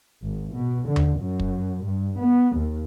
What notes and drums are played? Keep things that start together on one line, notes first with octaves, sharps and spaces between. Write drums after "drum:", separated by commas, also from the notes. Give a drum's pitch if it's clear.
G#1
B2
D3
drum: tom D#2
F#2
drum: kick
G2
B3
D#2